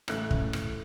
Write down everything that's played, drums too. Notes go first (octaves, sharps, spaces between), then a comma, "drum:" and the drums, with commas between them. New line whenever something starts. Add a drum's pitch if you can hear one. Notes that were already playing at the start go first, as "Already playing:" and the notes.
A1 C#3 A3 F#6, drum: rim click
drum: kick
drum: rim click